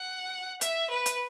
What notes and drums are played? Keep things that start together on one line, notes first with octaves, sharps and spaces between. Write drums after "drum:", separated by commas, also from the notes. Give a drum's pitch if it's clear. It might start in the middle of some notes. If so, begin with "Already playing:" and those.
Already playing: F#5
E5, drum: hi-hat
B4
drum: hi-hat